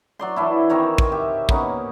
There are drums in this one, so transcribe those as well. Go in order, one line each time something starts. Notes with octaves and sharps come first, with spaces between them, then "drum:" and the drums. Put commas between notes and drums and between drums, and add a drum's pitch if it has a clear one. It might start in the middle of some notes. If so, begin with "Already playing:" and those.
F#3 D5 C6
E3 D4 E4
D#3 C4 A#4 C#5
drum: kick
G4 E5
A#3 B3 C#4 D#4, drum: kick